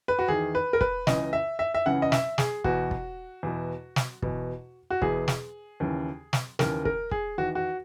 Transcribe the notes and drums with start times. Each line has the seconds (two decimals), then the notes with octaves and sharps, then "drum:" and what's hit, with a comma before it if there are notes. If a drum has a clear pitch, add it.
0.08 B4
0.19 F#4
0.28 E2 D#3 G#4
0.55 B4
0.73 A#4
0.81 B4, drum: kick
1.07 C#2 C#3 E3 D#5, drum: snare
1.33 E5
1.59 E5
1.74 E5
1.86 C#2 C#3 E3 F#5
2.02 D#5
2.12 E5, drum: snare
2.38 G#4, drum: snare
2.64 E2 B2 F#4, drum: kick
2.91 drum: kick
3.43 E2 B2
3.96 drum: snare
4.22 E2 B2, drum: kick
4.90 F#4
5.02 E2 B2 G#4, drum: kick
5.28 drum: snare
5.80 D#2 C#3 E3
6.33 drum: snare
6.59 D#2 C#3 E3 A#4, drum: snare
6.85 A#4, drum: kick
7.11 G#4, drum: kick
7.38 E2 D#3 F#4
7.55 F#4